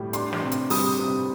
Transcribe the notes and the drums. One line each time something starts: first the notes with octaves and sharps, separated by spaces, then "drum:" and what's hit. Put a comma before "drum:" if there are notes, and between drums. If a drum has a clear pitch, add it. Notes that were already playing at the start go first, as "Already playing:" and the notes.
Already playing: A2 G3
D4 C6, drum: hi-hat
drum: snare
C3
drum: hi-hat
G3 D#6, drum: open hi-hat
C3